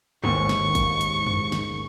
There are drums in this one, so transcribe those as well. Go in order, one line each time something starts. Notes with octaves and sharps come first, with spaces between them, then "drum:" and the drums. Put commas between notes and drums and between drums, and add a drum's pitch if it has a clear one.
A1 D#2 G#2 C#6, drum: tom G#3
drum: snare
drum: kick, hi-hat
drum: hi-hat
drum: tom F2
drum: snare